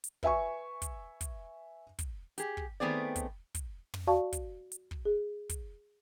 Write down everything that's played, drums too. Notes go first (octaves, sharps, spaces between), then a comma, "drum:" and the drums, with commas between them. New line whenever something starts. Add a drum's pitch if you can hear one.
drum: hi-hat
B4 E5 G#5 C#6, drum: kick
drum: kick, hi-hat
drum: kick, hi-hat
drum: kick, hi-hat
G4 G#4, drum: hi-hat
drum: kick
D#3 A3 B3 C4 G#4 D5
drum: kick, hi-hat
drum: kick, hi-hat
drum: tom
F#4 D5 F5 A5 C#6
drum: kick, hi-hat
drum: hi-hat
drum: kick
G#4
drum: kick, hi-hat